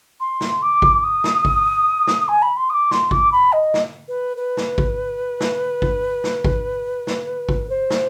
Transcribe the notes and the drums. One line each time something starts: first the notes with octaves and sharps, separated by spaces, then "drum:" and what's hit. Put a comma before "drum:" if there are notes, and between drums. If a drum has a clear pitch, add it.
C6
drum: snare
D6
drum: kick G#1
D#6
drum: snare
drum: kick G#1
drum: snare
G#5
B5
C6
D#6
D6
C6, drum: snare
D6, drum: kick G#1
B5
D#5
drum: snare
B4
B4
drum: snare
drum: kick G#1
drum: snare
drum: kick G#1
drum: snare
drum: kick G#1
drum: snare
drum: kick G#1
C5
drum: snare